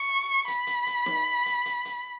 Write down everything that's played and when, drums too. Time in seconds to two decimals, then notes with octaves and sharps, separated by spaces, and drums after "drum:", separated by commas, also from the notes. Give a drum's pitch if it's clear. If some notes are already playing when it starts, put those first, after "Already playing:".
Already playing: C#6
0.47 B5, drum: hi-hat
0.67 drum: hi-hat
0.86 drum: hi-hat
1.06 drum: snare
1.46 drum: hi-hat
1.65 drum: hi-hat
1.85 drum: hi-hat